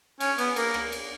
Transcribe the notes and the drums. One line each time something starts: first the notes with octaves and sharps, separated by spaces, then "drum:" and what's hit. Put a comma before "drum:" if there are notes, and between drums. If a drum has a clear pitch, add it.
C#4, drum: cymbal
B3, drum: cymbal
A#3, drum: cymbal
drum: rim click
drum: cymbal